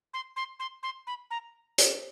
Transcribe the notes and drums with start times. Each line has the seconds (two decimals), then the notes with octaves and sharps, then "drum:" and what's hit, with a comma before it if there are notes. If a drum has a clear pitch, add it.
0.14 C6
0.36 C6
0.60 C6
0.83 C6
1.07 B5
1.31 A#5
1.78 drum: hi-hat